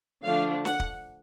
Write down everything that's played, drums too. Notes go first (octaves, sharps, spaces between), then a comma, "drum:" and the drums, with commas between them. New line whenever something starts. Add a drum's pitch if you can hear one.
D3 F3 A3 D4 F5
F#5, drum: snare
drum: kick